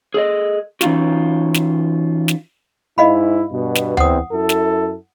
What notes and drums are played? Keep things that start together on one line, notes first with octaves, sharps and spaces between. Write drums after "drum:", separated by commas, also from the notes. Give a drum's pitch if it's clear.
G#4 A4 D5 D#5
E3 C#4 D#4 F4 F#4, drum: snare
drum: snare
drum: snare
G#2 E4 D#5 F5 B5
G2 B2
drum: snare
E2 C4 F#5 D#6, drum: tom D2
F#2 E4 A4
drum: snare